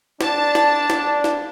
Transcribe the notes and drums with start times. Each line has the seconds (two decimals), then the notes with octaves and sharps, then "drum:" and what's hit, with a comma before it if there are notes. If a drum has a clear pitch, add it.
0.21 D4 A5, drum: snare
0.55 drum: snare
0.90 drum: snare
1.24 drum: snare